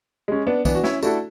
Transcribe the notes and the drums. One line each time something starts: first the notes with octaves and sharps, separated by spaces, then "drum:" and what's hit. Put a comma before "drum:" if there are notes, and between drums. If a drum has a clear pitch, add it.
G#3 C#4
B3 D4
E3 B3 D4, drum: kick B1, tambourine
F#4
C#4 E4, drum: snare
A3 D4 E4 F#4 A4, drum: tambourine